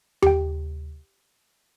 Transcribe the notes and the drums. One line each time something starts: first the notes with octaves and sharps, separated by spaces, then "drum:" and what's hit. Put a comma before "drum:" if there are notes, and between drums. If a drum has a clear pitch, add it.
G4 G5, drum: tom D#2